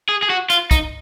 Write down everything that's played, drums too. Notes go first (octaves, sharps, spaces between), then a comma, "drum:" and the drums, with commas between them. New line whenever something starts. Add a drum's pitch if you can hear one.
G#4
G#4
F#4
F4, drum: hi-hat
D#4, drum: kick, hi-hat